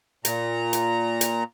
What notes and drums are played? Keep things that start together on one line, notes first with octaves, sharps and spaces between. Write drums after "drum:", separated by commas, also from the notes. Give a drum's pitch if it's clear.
A#2 A#5, drum: hi-hat
drum: hi-hat
drum: hi-hat